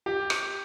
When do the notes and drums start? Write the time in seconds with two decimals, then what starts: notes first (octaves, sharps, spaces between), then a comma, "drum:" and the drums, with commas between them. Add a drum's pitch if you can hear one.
0.06 G4
0.30 drum: rim click